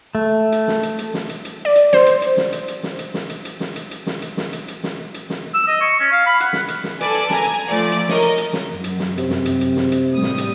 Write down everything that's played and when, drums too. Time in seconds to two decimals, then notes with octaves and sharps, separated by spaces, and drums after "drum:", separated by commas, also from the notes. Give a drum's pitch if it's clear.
0.15 A3
0.52 drum: hi-hat
0.68 drum: snare
0.83 drum: hi-hat
0.99 drum: hi-hat
1.14 drum: snare
1.29 drum: hi-hat
1.45 drum: hi-hat
1.65 D5
1.76 drum: hi-hat
1.93 C5, drum: snare
2.06 drum: hi-hat
2.22 drum: hi-hat
2.37 drum: snare
2.53 drum: hi-hat
2.68 drum: hi-hat
2.83 drum: snare
2.99 drum: hi-hat
3.14 drum: snare
3.30 drum: hi-hat
3.45 drum: hi-hat
3.60 drum: snare
3.76 drum: hi-hat
3.91 drum: hi-hat
4.07 drum: snare
4.22 drum: hi-hat
4.37 drum: snare
4.53 drum: hi-hat
4.68 drum: hi-hat
4.84 drum: snare
5.14 drum: hi-hat
5.30 drum: snare
5.54 E6
5.67 D#5
5.81 C#6
6.00 C#4
6.12 F5
6.26 B5
6.40 F#5, drum: hi-hat
6.53 drum: snare
6.68 drum: hi-hat
6.84 drum: snare
7.01 A4 B4 D5 G#5, drum: hi-hat
7.15 drum: hi-hat
7.30 G#5 A#5, drum: snare
7.45 drum: hi-hat
7.68 F3 A3 D5
7.92 drum: hi-hat
8.09 A#4 C#5 D#5, drum: snare
8.22 drum: hi-hat
8.38 drum: hi-hat
8.53 drum: snare
8.73 F#2
8.84 drum: hi-hat
8.99 drum: snare
9.18 C3, drum: hi-hat
9.30 drum: snare
9.46 drum: hi-hat
9.61 drum: hi-hat
9.76 drum: snare
9.92 drum: hi-hat
10.13 A2 G3 D#6
10.23 drum: snare
10.38 drum: hi-hat